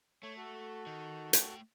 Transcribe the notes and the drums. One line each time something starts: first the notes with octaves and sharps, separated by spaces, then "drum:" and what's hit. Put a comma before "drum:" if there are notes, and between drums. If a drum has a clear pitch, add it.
A3 C#5
F#4 A4
D#3
A3 G5, drum: hi-hat